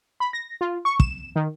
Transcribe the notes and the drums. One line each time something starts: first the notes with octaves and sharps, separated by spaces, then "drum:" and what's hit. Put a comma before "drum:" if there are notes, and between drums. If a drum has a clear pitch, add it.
B5
A#6
F4
C#6
E7, drum: kick
D#3